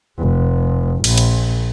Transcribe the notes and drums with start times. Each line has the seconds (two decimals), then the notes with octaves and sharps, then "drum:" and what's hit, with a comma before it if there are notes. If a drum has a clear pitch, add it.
0.18 F1
1.04 A#1, drum: cymbal
1.18 drum: cymbal